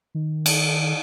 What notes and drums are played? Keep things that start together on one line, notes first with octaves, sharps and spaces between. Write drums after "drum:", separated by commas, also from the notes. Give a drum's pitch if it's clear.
D#3
drum: cymbal